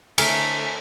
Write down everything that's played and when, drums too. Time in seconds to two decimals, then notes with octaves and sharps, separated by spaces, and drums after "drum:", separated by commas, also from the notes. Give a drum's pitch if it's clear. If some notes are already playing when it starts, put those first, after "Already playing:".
0.18 D3 A3 A4 A#4 G#5 B6, drum: cymbal